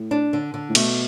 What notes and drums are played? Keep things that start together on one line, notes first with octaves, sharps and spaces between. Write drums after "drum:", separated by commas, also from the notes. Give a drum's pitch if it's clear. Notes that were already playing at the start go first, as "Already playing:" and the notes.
Already playing: A2
D4
D3
D3
A2
B2 A3, drum: cymbal